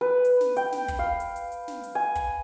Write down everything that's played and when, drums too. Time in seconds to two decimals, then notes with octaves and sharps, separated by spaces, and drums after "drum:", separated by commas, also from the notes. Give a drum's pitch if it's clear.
0.01 B4
0.25 drum: hi-hat
0.41 drum: snare
0.56 G5, drum: hi-hat
0.72 drum: snare
0.88 drum: kick, hi-hat
0.99 F5
1.20 drum: hi-hat
1.36 drum: hi-hat
1.52 drum: hi-hat
1.68 drum: snare
1.84 drum: hi-hat
1.95 G#5
2.15 drum: kick, hi-hat